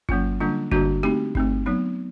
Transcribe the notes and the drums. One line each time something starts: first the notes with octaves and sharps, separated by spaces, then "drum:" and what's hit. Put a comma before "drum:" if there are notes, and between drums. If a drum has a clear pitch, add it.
F#3 A#3 C#4 F4, drum: kick G1
D3 G3 A#3 D4 F4
D3 G3 A#3 D4 F#4, drum: kick G1
A3 C4 D#4 G4
A3 C4 D#4, drum: kick G1
F#3 B3 D#4